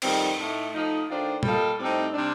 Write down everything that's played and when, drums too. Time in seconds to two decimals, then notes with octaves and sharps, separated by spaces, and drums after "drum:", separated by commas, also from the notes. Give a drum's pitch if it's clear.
0.02 F2 D#3 G3 C4, drum: cymbal
0.38 A2 A3 D#4
0.73 F3 A3 D#4
1.07 D#3 A3 D4 F4 C5
1.43 G3 A#3 F4 A4 D#5, drum: tom
1.78 A2 G3 C4 D#4
2.14 C3 G3 D4